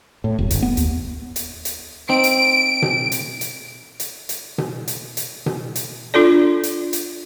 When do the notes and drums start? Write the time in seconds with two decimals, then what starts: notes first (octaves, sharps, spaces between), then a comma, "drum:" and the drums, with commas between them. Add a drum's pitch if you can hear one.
0.24 A2
0.39 E1
0.51 G1, drum: hi-hat
0.62 B3
0.77 D#2, drum: hi-hat
1.36 drum: hi-hat
1.65 drum: hi-hat
2.09 C4 D#4 D7
2.24 drum: hi-hat
2.82 drum: tom B2
3.12 drum: hi-hat
3.41 drum: hi-hat
4.00 drum: hi-hat
4.29 drum: hi-hat
4.58 drum: tom B2
4.88 drum: hi-hat
5.17 drum: hi-hat
5.46 drum: tom B2
5.76 drum: hi-hat
6.14 D4 F4 A4 D5
6.63 drum: hi-hat
6.93 drum: hi-hat